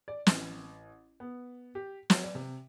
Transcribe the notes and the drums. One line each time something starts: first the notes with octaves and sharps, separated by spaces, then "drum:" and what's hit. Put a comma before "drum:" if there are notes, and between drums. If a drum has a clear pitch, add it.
D5
A1, drum: snare
B3
G4
F#3, drum: snare
D5
C3